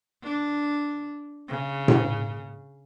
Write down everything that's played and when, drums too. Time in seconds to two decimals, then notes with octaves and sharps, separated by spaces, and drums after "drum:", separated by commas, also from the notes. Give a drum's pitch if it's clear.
0.23 D4
1.49 C#3
1.88 drum: tom A2